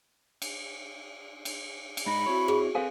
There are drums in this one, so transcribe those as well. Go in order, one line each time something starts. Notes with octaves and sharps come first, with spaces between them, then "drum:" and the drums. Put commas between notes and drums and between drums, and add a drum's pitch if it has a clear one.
drum: cymbal
drum: cymbal
drum: cymbal
G#2 D#4 B5
C4 E4 F#4 C#5
G#4, drum: rim click
C4 A4 B4 F5 G#5